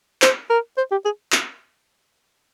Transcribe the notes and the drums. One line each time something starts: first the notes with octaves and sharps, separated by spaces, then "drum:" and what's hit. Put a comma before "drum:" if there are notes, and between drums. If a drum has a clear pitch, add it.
C5, drum: clap
A#4
C5
G4
G#4
drum: clap